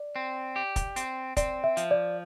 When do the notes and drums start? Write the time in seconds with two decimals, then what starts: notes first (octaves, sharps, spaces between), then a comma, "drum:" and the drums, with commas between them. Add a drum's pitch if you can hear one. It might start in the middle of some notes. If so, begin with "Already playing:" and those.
Already playing: D5
0.16 C4
0.56 G4
0.76 drum: kick, hi-hat
0.96 C4, drum: hi-hat
1.37 C4 D5, drum: kick, hi-hat
1.64 E5
1.77 F3, drum: hi-hat
1.91 D5